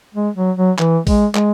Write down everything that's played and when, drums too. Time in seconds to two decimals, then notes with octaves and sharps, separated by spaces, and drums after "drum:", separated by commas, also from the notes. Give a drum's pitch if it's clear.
0.15 G#3
0.37 F#3
0.57 F#3
0.79 E3, drum: clap
1.07 G#3, drum: kick, open hi-hat
1.35 G#3, drum: clap